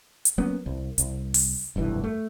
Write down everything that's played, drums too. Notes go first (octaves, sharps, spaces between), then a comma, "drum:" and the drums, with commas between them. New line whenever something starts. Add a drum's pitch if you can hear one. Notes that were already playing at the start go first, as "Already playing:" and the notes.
drum: hi-hat
F#3 A#3 B3 C#4
C2
C2, drum: hi-hat
drum: open hi-hat
F1 B1 G2 E3
A3